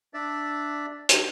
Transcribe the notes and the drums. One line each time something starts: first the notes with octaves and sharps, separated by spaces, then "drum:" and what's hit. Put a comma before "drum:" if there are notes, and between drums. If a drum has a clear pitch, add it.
D4 D5 E5
drum: hi-hat